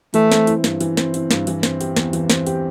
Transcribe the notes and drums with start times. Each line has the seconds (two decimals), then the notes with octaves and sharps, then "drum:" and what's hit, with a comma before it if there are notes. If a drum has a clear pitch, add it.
0.14 E3 A3, drum: hi-hat
0.32 C4, drum: snare
0.47 E4, drum: hi-hat
0.64 G2, drum: snare
0.81 E3, drum: hi-hat
0.97 C4, drum: snare
1.14 E4, drum: hi-hat
1.31 G2, drum: snare
1.47 E3, drum: hi-hat
1.63 C4, drum: snare
1.81 G4, drum: hi-hat
1.96 E2, drum: snare
2.13 E3, drum: hi-hat
2.30 C4, drum: snare
2.47 G4, drum: hi-hat